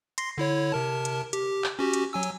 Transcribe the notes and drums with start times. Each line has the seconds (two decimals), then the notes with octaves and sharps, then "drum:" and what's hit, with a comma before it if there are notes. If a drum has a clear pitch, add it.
0.18 C6 A#6 C7, drum: hi-hat
0.38 D3 E4 C#5
0.72 C3 A#4 A5
1.05 drum: hi-hat
1.33 G4, drum: hi-hat
1.64 drum: clap
1.79 C#4 F#4 G4
1.93 drum: hi-hat
2.13 F#3 G#5 E6
2.23 drum: hi-hat